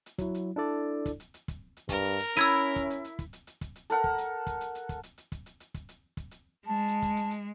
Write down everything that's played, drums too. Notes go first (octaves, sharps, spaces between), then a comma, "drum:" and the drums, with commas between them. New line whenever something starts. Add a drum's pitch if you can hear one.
drum: hi-hat
F#3 E4, drum: kick, hi-hat
drum: hi-hat
D4 E4 A4 D5
drum: kick, hi-hat
drum: hi-hat
drum: hi-hat
drum: kick, hi-hat
drum: hi-hat
G2 A#4, drum: kick, hi-hat
drum: hi-hat
drum: hi-hat
C#4 E4 E6 G#6 D#7
drum: kick, hi-hat
drum: hi-hat
drum: hi-hat
drum: kick, hi-hat
drum: hi-hat
drum: hi-hat
drum: kick, hi-hat
drum: hi-hat
A4 A#4 F#5, drum: hi-hat
drum: kick
drum: hi-hat
drum: kick, hi-hat
drum: hi-hat
drum: hi-hat
drum: kick, hi-hat
drum: hi-hat
drum: hi-hat
drum: kick, hi-hat
drum: hi-hat
drum: hi-hat
drum: kick, hi-hat
drum: hi-hat
drum: kick, hi-hat
drum: hi-hat
G#3 A5
drum: hi-hat
drum: kick, hi-hat
drum: hi-hat
drum: hi-hat